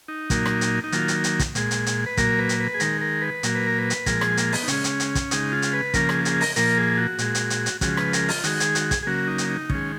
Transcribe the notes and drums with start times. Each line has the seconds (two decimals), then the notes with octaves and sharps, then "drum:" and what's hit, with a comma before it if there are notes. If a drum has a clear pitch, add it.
0.08 D#4
0.30 A#2 F#3 A#3, drum: kick, hi-hat
0.45 drum: rim click
0.61 drum: hi-hat
0.84 D#4
0.92 D#3 F#3 A#3 F4, drum: hi-hat
1.08 drum: hi-hat
1.24 drum: hi-hat
1.39 drum: kick, hi-hat
1.55 A#2 G#3, drum: hi-hat
1.71 drum: hi-hat
1.86 drum: hi-hat
2.06 B4
2.17 A#2 F#3 A#3 A#4, drum: kick, hi-hat
2.39 B4
2.49 drum: hi-hat
2.60 B4
2.74 G#4
2.80 D#3 G#3 A#4, drum: hi-hat
3.01 A#4
3.22 B4
3.43 A#2 F#3 A#3, drum: hi-hat
3.55 B4
3.67 A#4
3.78 B4
3.90 drum: hi-hat
4.06 A#2 F3 G#3 A#4, drum: kick, hi-hat
4.21 G#4, drum: rim click
4.37 A#3, drum: hi-hat
4.52 B3, drum: open hi-hat
4.63 D#4
4.68 C#3 G#3 C#4, drum: hi-hat
4.84 drum: hi-hat
5.00 drum: hi-hat
5.15 drum: kick, hi-hat
5.31 C#3 G#3 D#4, drum: hi-hat
5.52 F4
5.62 drum: hi-hat
5.73 B4
5.94 C#3 F3 A#3 A#4, drum: kick, hi-hat
6.09 G#4, drum: rim click
6.25 G#4, drum: hi-hat
6.41 A#4, drum: open hi-hat
6.56 A#2 F3 A#3 A#4, drum: hi-hat
6.77 G#4
6.97 F#4
7.19 A#2 G#3, drum: hi-hat
7.35 drum: hi-hat
7.50 drum: hi-hat
7.66 drum: hi-hat
7.81 C#3 F3 G#3 F#4, drum: kick, hi-hat
7.97 B4, drum: rim click
8.13 A#4, drum: hi-hat
8.29 F4, drum: open hi-hat
8.44 D#3 G#3 F#4, drum: hi-hat
8.60 G#4, drum: hi-hat
8.75 F#4, drum: hi-hat
8.91 G#4, drum: kick, hi-hat
9.03 G#4
9.07 C#3 F#3 A#3 F#4
9.27 D#4
9.38 drum: hi-hat
9.49 D#4
9.70 D#3 G#3 C#4, drum: kick